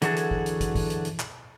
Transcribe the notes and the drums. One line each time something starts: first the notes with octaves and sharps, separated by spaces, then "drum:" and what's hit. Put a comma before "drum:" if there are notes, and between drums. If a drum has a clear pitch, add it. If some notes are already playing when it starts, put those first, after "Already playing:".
D3 E3 F#3 F#4 G#4 A4, drum: hi-hat
drum: hi-hat
drum: kick
drum: hi-hat
drum: kick, hi-hat
drum: kick, open hi-hat
drum: hi-hat
drum: hi-hat
drum: clap